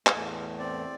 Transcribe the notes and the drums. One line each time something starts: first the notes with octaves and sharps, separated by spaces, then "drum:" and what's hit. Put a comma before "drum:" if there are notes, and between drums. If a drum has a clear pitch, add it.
E2 A2 A3, drum: clap
C4 D5